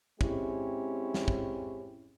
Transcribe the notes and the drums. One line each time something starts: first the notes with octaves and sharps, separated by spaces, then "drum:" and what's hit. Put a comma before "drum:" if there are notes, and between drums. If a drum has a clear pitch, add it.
G#3 C4 C#4 E4 G4, drum: kick
drum: snare
drum: kick